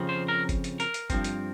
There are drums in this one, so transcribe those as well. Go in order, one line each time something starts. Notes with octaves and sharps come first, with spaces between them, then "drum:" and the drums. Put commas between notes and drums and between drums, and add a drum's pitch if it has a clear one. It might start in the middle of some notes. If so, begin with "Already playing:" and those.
Already playing: F2 C#3 F3 C4
C5
A#4
drum: kick F#1, hi-hat
drum: hi-hat
A#4, drum: hi-hat
drum: hi-hat
G2 F3 C4, drum: kick F#1, hi-hat
drum: hi-hat